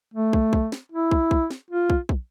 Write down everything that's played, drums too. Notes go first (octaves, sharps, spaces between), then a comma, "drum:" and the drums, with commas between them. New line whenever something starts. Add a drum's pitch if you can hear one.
A3
drum: kick
drum: kick
drum: snare
E4
drum: kick
drum: kick
drum: snare
F4
drum: kick
drum: kick